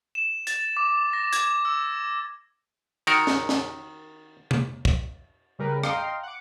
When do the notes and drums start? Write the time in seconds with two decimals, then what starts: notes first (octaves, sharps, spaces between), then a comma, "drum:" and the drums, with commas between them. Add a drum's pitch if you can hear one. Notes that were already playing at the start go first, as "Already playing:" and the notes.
0.15 E7
0.47 A6, drum: hi-hat
0.77 D6
1.13 A#6
1.33 G#6, drum: hi-hat
1.65 E6
3.07 D#3 F#4 A#4, drum: cymbal
3.27 drum: snare
3.49 drum: snare
4.51 drum: tom C3
4.85 drum: kick
5.59 C#3 G3 A#4 B4
5.84 D#5 F5 G5 A#5 C6, drum: rim click
6.23 F#5 D6